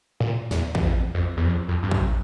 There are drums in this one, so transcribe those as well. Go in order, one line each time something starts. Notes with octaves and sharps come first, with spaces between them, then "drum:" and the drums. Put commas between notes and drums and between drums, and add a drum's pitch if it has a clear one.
A#2
E2, drum: snare
E2, drum: kick
F2
F2
E2
F2
F2
G2
F#2, drum: kick